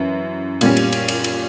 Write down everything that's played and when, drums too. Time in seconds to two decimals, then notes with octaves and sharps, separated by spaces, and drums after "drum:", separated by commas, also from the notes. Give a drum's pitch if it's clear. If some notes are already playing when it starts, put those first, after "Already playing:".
Already playing: F#2 E3 E4
0.61 A#2 G3 C#4, drum: cymbal
0.77 drum: cymbal
0.93 drum: cymbal
1.08 drum: cymbal
1.24 drum: cymbal